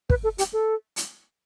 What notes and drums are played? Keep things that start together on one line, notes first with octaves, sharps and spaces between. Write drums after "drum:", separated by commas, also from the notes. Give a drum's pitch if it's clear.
B4, drum: kick
A4
G4, drum: hi-hat
A4
drum: hi-hat